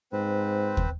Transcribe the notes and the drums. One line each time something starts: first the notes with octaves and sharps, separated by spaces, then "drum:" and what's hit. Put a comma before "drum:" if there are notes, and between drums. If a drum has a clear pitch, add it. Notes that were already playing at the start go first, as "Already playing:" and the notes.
G#2 C4 B4 C5
drum: kick